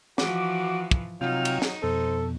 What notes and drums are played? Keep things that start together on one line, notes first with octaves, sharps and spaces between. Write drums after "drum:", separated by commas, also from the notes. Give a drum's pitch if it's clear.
E3 F3 F#4 D6, drum: snare
drum: kick
C3 F#3 D#4 F4 G5 F6
drum: cymbal
drum: snare
F2 B2 A4 C5